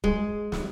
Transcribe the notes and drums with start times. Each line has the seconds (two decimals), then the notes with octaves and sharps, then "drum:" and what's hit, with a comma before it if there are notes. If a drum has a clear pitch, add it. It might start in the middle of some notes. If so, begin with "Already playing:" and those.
0.04 G#3, drum: kick
0.52 drum: snare